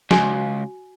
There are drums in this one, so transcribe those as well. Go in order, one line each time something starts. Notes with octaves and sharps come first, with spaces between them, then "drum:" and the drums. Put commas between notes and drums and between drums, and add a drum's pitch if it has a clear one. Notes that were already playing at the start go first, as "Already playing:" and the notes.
C#2 F#4 G#5, drum: snare